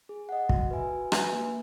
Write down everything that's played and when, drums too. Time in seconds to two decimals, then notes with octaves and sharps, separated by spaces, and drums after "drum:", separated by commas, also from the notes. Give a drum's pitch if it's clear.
0.09 G#4
0.29 D#5 F#5
0.49 F#4, drum: kick
0.71 B4 E5 G#5
0.91 F#4
1.12 B4 E5 G#5, drum: rim click
1.32 A#3